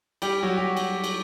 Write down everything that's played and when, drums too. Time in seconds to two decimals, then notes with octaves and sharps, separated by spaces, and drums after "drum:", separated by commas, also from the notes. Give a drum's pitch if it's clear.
0.22 G3 G4, drum: cymbal
0.42 F#3 F#4
0.57 G4
0.77 drum: cymbal
1.04 drum: cymbal